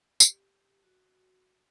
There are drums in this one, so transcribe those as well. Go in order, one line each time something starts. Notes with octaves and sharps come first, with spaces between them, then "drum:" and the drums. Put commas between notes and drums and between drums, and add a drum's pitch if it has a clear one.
G4, drum: tambourine
F#4